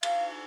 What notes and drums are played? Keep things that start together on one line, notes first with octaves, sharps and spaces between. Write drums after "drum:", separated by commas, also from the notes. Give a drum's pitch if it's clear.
F5, drum: cymbal